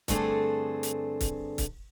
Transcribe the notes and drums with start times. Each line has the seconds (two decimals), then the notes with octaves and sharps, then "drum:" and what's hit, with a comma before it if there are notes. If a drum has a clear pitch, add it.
0.08 G2 D3 A3 C4 G#4 A4, drum: kick C#1, hi-hat
0.83 drum: hi-hat
1.21 drum: kick C#1, hi-hat
1.58 drum: kick C#1, hi-hat